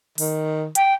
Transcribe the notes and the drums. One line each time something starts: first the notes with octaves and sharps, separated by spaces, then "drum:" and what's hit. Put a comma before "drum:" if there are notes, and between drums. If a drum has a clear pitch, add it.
D#3, drum: open hi-hat
G5, drum: hi-hat